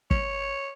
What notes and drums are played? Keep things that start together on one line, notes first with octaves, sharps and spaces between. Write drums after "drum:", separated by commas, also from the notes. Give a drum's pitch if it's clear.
C#5, drum: kick